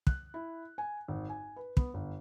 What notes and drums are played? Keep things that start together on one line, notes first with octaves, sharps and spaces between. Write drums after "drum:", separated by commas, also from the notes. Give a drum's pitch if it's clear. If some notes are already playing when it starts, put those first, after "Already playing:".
F#6, drum: kick
E4
G#5
G#1
G#5
B4
B3, drum: kick
G1